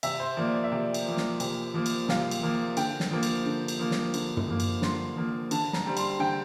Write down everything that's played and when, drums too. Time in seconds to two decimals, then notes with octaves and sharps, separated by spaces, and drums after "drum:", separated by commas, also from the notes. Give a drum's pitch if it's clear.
0.03 C3 E5, drum: cymbal
0.20 C5
0.37 F3 A#3 D5
0.55 D5
0.64 E5
0.71 C3 D5
0.94 drum: cymbal
1.06 F3 A#3
1.17 drum: snare
1.40 C3, drum: cymbal
1.74 F3 A#3
1.86 drum: cymbal
2.09 C3 F5, drum: snare
2.31 drum: cymbal
2.43 F3 A#3
2.77 D3 G5, drum: cymbal
3.00 drum: snare
3.11 F3 A#3
3.23 drum: cymbal
3.46 D3
3.68 drum: cymbal
3.80 F3 A#3
3.91 drum: snare
4.14 D3, drum: cymbal
4.37 drum: tom
4.48 F3 A#3
4.60 drum: cymbal
4.82 D3 C6, drum: snare
5.17 F3 A#3
5.51 D3 A5, drum: cymbal
5.73 A#5, drum: snare
5.86 G3 C4
5.97 C6, drum: cymbal
6.19 D3 G5